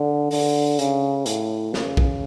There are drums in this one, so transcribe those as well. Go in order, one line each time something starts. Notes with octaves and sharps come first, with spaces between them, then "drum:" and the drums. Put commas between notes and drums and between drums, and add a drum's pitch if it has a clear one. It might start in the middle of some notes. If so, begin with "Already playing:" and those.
Already playing: D3
D3, drum: open hi-hat
C#3, drum: hi-hat
A2, drum: hi-hat
C#3, drum: snare
drum: kick A#1